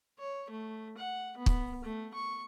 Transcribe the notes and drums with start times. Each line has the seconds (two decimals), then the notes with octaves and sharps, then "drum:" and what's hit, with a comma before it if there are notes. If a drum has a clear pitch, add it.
0.19 C#5
0.50 A3
0.97 F#5
1.37 B3
1.46 drum: kick
1.84 A3
2.14 C#6